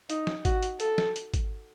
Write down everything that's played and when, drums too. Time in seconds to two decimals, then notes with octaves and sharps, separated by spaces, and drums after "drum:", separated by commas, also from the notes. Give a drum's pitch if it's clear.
0.10 D#4, drum: hi-hat
0.27 drum: snare
0.45 F#4, drum: kick G#1, hi-hat
0.63 drum: hi-hat
0.80 A4, drum: hi-hat
0.98 drum: snare
1.16 drum: hi-hat
1.34 drum: kick G#1, hi-hat